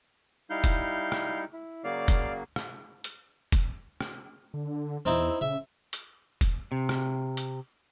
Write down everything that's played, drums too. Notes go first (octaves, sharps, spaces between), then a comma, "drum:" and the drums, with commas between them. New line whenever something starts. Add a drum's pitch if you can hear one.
G3 D#4 E4 F5 G6
drum: kick, hi-hat
drum: rim click
E4
C#3 F#3 A#3 D5 F5
drum: kick, hi-hat
drum: rim click
drum: hi-hat
drum: kick, hi-hat
drum: rim click
D3
E2 C4 D#4 E4
C#3 E5
drum: hi-hat
drum: kick, hi-hat
C3
drum: rim click
drum: hi-hat